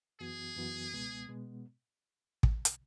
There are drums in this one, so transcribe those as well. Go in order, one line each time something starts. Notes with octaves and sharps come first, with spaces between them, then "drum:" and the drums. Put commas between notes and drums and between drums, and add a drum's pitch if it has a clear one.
F#2 E3 B3 F#4 G#4
F#2 E3 B3 F#4
C#2 B2 G#3 B3
B2 G#3 B3
drum: kick
drum: hi-hat